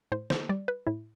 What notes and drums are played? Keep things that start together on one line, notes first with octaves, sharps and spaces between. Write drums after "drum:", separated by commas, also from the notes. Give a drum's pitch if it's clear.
A2 C5
C5, drum: snare
G3 D5
B4
A2 E4